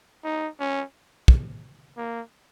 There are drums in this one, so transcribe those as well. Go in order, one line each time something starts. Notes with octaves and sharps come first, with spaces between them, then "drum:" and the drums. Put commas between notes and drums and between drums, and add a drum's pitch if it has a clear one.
D#4
C#4
drum: kick
A#3